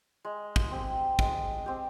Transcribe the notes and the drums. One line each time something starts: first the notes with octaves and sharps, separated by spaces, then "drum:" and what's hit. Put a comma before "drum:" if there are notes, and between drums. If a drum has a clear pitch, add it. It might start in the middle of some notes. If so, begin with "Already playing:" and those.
G#3
drum: kick
C4 G4
G#3, drum: kick
C4 G4